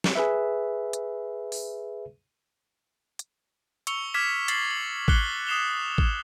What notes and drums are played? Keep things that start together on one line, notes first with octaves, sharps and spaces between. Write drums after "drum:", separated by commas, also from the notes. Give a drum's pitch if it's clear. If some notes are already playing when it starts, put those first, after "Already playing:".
drum: snare
G#4 B4 E5
drum: hi-hat
drum: open hi-hat
drum: hi-hat
C#6 E6 C#7 F7 G7, drum: hi-hat
D6 F6 G#6 B6 E7
A6 B6 C7 E7 F#7, drum: hi-hat
F#7
D6 F6 F#6 C7 C#7 G7, drum: kick
D#6 B6 C7 E7 F7 G7
drum: kick